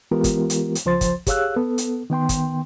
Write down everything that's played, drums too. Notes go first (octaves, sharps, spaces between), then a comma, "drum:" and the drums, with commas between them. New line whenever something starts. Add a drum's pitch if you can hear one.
E3 G#3 B3 F4 G4 A#4
drum: kick, hi-hat
drum: hi-hat
drum: hi-hat
C#2 F3 C5 C6 A6
drum: kick, hi-hat
G4 G#4 C#5 F5 E6 F#6, drum: kick, hi-hat
B3 A4
drum: hi-hat
D#3 B3 G5 C6
drum: kick, hi-hat